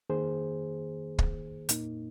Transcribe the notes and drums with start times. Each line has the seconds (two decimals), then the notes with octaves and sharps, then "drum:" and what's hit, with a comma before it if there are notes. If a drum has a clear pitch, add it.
0.10 D#3 A#3 G#4 C5
1.19 drum: kick
1.69 A#2 A#3 D#4, drum: hi-hat